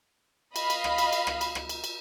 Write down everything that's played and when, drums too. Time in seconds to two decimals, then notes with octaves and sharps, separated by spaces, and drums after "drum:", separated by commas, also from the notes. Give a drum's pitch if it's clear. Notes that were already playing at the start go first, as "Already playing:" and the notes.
0.56 D#5 F5 B5, drum: cymbal
0.70 drum: cymbal
0.84 drum: rim click
0.98 drum: cymbal
1.13 drum: cymbal
1.27 drum: rim click
1.41 drum: cymbal
1.55 drum: rim click
1.69 drum: cymbal
1.84 drum: cymbal